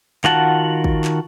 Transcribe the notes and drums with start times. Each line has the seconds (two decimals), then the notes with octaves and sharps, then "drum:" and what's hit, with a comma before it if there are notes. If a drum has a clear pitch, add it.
0.24 D#3 F4 F#4 F#5 A5, drum: clap
0.84 drum: kick
1.04 drum: clap